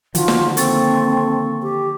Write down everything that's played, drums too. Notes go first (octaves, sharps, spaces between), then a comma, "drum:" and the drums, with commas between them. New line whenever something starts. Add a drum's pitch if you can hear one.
D3 D#3 F3 F4 F#4, drum: hi-hat
drum: snare
A#3 C4 A4 C#6 A6, drum: hi-hat
G4